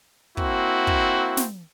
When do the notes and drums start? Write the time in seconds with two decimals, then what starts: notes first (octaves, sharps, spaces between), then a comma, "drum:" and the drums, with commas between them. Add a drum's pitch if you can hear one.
0.37 A#3 C4 E4 F#4, drum: kick
0.87 drum: kick
1.37 drum: snare